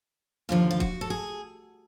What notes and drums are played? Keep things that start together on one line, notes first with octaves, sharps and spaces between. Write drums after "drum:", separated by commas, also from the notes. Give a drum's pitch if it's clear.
D#2 D3 F3 F4
F4
F#4, drum: kick D#1
A4
G#4